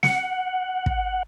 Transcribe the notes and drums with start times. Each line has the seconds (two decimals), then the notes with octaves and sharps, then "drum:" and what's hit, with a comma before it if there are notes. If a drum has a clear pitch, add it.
0.03 F#5, drum: snare
0.86 drum: kick